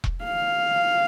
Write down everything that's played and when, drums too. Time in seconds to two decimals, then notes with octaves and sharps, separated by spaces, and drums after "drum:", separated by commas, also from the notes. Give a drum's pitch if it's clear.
0.04 drum: kick E1
0.25 F5